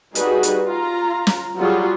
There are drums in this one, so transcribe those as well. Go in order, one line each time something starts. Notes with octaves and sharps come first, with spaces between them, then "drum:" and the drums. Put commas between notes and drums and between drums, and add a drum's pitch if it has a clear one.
G3 D#4 F#4 G#4 B4, drum: hi-hat
drum: hi-hat
F4 A#5
drum: snare
F#3 G3 F4 F#4 G#4